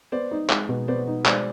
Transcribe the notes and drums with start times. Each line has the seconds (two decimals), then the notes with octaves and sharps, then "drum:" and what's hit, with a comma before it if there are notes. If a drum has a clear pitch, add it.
0.12 B3 C5 D5
0.31 D#4
0.50 G#3, drum: clap
0.69 B2
0.88 B3 C5 D5
1.07 D#4
1.26 G#3 C5 D5, drum: clap